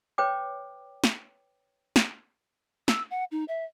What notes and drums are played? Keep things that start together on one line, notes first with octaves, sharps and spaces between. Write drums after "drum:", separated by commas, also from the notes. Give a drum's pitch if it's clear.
B4 C#5 G5 D6
drum: snare
drum: snare
E6, drum: snare
F#5
D#4
E5